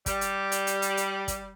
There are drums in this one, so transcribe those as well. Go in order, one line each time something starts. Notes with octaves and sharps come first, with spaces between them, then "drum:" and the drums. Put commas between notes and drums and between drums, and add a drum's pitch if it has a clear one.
G3, drum: kick, hi-hat
drum: hi-hat
drum: hi-hat
drum: hi-hat
drum: hi-hat
drum: hi-hat
drum: kick, hi-hat